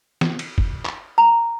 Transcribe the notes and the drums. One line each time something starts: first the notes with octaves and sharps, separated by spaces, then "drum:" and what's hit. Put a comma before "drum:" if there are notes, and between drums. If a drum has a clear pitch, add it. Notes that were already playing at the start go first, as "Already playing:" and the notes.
drum: snare
drum: cymbal
drum: kick
drum: clap
A#5